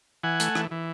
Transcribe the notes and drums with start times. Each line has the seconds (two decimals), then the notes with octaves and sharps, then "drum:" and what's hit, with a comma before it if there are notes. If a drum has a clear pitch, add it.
0.23 E3 F#5 G#5
0.40 A3, drum: hi-hat
0.55 E3, drum: rim click
0.71 E3